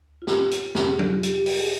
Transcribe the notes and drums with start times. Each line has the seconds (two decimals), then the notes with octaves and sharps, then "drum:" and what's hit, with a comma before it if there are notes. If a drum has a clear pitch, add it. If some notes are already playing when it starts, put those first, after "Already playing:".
Already playing: D2
0.22 F4
0.27 G4, drum: snare
0.51 drum: hi-hat
0.75 F2 C3 G3 A#3 G4, drum: snare
0.87 G#4
0.99 G4, drum: tom F#3
1.11 F4
1.23 G4, drum: hi-hat
1.35 G4
1.46 G4, drum: open hi-hat
1.59 G#4